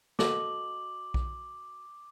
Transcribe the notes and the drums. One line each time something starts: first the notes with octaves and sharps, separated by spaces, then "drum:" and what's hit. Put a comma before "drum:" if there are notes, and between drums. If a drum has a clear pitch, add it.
F#4 A4 D#5 D6 F#7, drum: snare
drum: kick B1